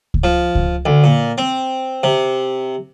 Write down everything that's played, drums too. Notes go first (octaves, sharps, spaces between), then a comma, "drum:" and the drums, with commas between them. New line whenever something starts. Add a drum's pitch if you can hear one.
drum: kick C#2
F3
drum: kick C#2
D2
A#2
C4
C3